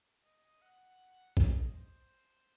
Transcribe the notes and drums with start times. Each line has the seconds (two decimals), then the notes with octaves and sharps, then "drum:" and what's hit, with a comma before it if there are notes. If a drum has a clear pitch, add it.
0.24 D#5
0.61 F#5
1.37 D#5, drum: kick
1.73 C5